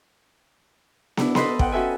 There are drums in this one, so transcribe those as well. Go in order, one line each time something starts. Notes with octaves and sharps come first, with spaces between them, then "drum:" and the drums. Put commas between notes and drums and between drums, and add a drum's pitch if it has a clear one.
B3 D4 E4, drum: snare
A4 B4 C5 D#5 B5 C6, drum: snare
F#5 G5, drum: kick
C#4 F#4 A4 E5 G#5